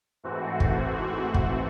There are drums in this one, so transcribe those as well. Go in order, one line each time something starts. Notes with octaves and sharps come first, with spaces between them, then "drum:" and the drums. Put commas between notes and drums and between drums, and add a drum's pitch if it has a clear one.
G#2 E3 A3 C4 F#4
drum: kick
drum: kick